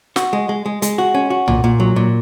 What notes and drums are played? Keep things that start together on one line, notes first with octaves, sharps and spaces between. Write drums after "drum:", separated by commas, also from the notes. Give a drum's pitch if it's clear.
F#4, drum: snare
G#3
G#3
G#3
G#3, drum: hi-hat
F#4
C#4
F#4
A#2, drum: tom B1
A#2
F#3
A#2